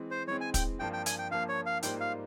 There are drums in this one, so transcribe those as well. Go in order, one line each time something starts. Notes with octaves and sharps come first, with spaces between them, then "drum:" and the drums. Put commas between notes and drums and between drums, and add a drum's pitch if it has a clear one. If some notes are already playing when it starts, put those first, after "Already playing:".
Already playing: E3 G#3 C4
C5
E3 G#3 C4 C#5
G#5
G5, drum: kick, hi-hat
G2 F3 A#3 G5
G5
G#5, drum: hi-hat
G5
G2 F3 A#3 F5
C#5
F5
G#2 G3 A#3 F4 C5 G5, drum: hi-hat
F5